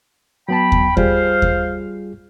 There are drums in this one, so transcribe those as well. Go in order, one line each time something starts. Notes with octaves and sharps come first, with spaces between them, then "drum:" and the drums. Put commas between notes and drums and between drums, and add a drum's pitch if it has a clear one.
F#3 B3 G5 A5 B5
drum: kick D#2
G3 F4 G#4 C5 F5, drum: kick D#2
drum: kick D#2